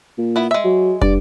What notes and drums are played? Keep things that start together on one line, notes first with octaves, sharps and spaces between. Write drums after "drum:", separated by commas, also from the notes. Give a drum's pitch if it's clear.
A#2
B3 E4
G#3 E5
F#3
G2 D5, drum: kick